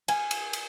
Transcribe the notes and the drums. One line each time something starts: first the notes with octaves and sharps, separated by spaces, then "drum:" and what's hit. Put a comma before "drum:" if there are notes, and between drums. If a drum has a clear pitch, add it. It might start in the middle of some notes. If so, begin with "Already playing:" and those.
G#5, drum: cymbal
drum: cymbal
drum: cymbal